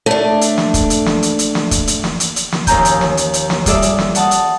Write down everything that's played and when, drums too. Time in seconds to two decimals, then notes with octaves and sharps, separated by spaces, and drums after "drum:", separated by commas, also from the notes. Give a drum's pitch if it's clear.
0.06 A3 D4
0.41 drum: hi-hat
0.58 drum: snare
0.74 drum: kick, hi-hat
0.90 drum: hi-hat
1.06 drum: snare
1.23 drum: hi-hat
1.39 drum: hi-hat
1.55 drum: snare
1.71 drum: kick, hi-hat
1.87 drum: hi-hat
2.04 drum: snare
2.20 drum: hi-hat
2.36 drum: hi-hat
2.52 drum: snare
2.67 D#2 F3 C#4 G#5 A#5 G6, drum: kick, hi-hat
2.85 drum: hi-hat
3.01 drum: snare
3.17 drum: hi-hat
3.34 drum: hi-hat
3.50 drum: snare
3.66 G3 F4 G#4 A4 D5 E5, drum: kick, hi-hat
3.82 drum: hi-hat
3.98 drum: snare
4.15 F#5 A5 D#6, drum: hi-hat
4.31 drum: hi-hat